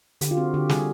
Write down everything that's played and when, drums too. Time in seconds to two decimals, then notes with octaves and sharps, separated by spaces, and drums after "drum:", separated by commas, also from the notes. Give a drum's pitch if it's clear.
0.21 D3 G4, drum: hi-hat
0.31 F4
0.37 C4 F#4
0.54 D3 G4
0.69 G3 G#4, drum: snare